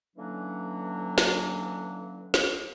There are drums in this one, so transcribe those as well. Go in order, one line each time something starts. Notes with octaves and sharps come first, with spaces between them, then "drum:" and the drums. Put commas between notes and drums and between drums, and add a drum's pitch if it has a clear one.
D3 E3 F#3 A#3 C#4 D4
drum: snare
drum: snare